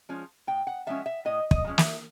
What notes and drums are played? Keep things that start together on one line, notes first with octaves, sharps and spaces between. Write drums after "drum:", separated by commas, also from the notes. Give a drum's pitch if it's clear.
F3 G#3 C#4
A2 G5
F#5
F3 G#3 C#4 E5
E5
A2 D#5
D#5, drum: kick
F3 G#3 C#4
E5, drum: snare